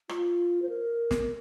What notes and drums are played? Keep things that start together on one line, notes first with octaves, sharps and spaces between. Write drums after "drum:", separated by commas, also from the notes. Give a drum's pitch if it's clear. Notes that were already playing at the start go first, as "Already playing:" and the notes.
F4, drum: rim click
C5
A#4
drum: snare